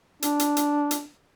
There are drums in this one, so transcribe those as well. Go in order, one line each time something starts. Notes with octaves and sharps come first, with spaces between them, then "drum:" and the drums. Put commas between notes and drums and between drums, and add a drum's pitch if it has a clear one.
D4, drum: hi-hat
drum: hi-hat
drum: hi-hat
drum: hi-hat